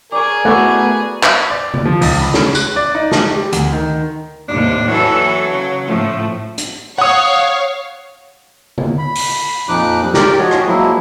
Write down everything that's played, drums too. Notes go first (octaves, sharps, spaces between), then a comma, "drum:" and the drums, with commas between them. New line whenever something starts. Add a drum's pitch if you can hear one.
G#4 A#4 C#5 D5
A3 B3 E4 F#4 D5 F#5
drum: clap
D5
drum: tom
F3
C#2, drum: open hi-hat
B5
C#4, drum: snare
F#6, drum: tambourine
D5
D#4
A5, drum: snare
G4
D2, drum: hi-hat
D#3
D#2 A2 C3 D4
E3 F#3 A4
C#3
A2 F3 A3
drum: hi-hat
C#5 F5 F#5 D#6
drum: tom
B5
drum: open hi-hat
F2 A#2 F3 D#4 D6 F#6
G3
G4 A#4 D5, drum: snare
F3 F#4 C#5 D#5
drum: rim click
F3 F#3 G#3 A#3 E4